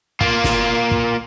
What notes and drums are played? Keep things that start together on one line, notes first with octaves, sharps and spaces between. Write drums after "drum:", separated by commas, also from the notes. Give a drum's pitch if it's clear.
A#3 F4, drum: kick
drum: snare
drum: kick